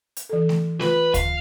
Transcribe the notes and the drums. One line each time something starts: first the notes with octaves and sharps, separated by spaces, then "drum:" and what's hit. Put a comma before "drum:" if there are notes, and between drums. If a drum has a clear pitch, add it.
drum: hi-hat
E3 A4
drum: snare A3
F4 B4, drum: snare A3
F5, drum: kick D2, hi-hat